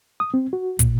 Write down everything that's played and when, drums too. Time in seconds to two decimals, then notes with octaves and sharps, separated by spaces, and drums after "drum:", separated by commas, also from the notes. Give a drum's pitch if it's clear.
0.20 D#6
0.34 C4
0.53 F#4
0.79 A#2, drum: kick, hi-hat